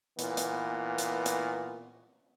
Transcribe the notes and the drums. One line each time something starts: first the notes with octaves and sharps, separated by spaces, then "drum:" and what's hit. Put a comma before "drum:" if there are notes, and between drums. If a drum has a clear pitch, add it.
A#2 E3 B3, drum: hi-hat
drum: hi-hat
drum: hi-hat
drum: hi-hat